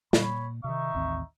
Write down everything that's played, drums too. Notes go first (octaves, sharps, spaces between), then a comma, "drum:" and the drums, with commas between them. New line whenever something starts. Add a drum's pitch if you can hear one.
A#2 C#5 B5, drum: snare
C3 D#3 D#4 E5 C#6
A1 D#2 C4